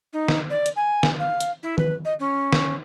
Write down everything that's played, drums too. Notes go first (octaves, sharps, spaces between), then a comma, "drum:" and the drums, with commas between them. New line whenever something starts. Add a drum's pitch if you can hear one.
D#4
drum: snare
D5
drum: hi-hat
G#5
drum: snare
F5
drum: hi-hat
E4
B4, drum: tom D#3
D#5
C#4
drum: snare